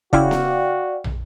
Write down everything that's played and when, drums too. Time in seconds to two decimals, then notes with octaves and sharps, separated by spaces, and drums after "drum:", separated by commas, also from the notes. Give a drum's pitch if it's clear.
0.13 C#3 C#4 E4 F#4 D5 F5 G5, drum: kick E1
0.31 drum: snare B3
1.04 drum: tom